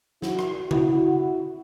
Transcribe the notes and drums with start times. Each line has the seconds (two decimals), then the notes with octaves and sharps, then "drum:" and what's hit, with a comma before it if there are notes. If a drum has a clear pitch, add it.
0.22 E4 F#4, drum: snare
0.39 drum: rim click
0.71 E4 F#4, drum: tom C#3